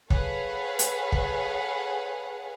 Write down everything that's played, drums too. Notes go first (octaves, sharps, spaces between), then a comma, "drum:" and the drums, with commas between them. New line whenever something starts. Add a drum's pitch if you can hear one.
G#4 A4 B4 C#5 F5 F#5, drum: kick
drum: hi-hat
drum: kick